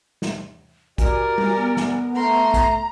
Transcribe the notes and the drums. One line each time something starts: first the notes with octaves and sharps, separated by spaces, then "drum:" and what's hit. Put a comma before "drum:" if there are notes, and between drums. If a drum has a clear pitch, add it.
drum: snare
F#4 G4 A#4 D5 G#5, drum: kick, hi-hat
drum: tom G3
B3
drum: snare
A3 A#5 C6
drum: kick, hi-hat